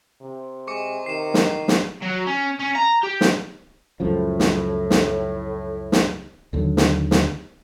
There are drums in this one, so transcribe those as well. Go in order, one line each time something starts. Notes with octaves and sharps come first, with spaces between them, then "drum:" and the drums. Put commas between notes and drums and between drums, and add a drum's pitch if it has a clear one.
C3
G#3 C#6 D6 C#7
D#3 C7 E7
drum: snare
drum: snare
F#3
C#4
C#4
A#5
G4
drum: snare
C#2 F#2 A2 F3
drum: snare
drum: snare
drum: snare
D#2 D3 D#3 F#3
drum: snare
drum: snare